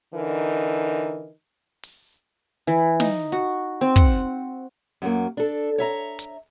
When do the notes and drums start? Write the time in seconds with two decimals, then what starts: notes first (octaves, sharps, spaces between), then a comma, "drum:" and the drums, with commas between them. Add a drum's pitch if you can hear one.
0.14 D3 E3 D#4 A#4
1.83 drum: open hi-hat
2.67 E3
3.00 D#4, drum: snare
3.32 F#4
3.81 C4
3.96 F#5, drum: kick
5.02 F#2 F#3 A#3
5.37 D4 A4
5.78 C#5 E5 A#5
6.19 drum: hi-hat